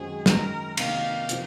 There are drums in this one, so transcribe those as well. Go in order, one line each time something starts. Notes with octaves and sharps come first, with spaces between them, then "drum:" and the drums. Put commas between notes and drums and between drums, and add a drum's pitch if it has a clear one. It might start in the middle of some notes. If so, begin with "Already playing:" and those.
Already playing: F#2 D#3 G#3 C4 F#4 G#4
F#2 D#3 G#3 A#4, drum: snare
C3 D#3 A#3 F5, drum: cymbal
C3 F3, drum: hi-hat